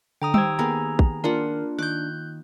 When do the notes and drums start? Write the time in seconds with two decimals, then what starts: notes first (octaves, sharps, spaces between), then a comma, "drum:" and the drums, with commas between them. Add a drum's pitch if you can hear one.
0.22 D3 G5 A#5 D#6
0.34 D#3 G4 C5 G5 E6 G#6, drum: tom G3
0.59 A#3 B3 G#4 A#5
0.99 drum: kick
1.24 A#3 D4 F4 A#4 F#5
1.79 D#3 D6 F#6 G6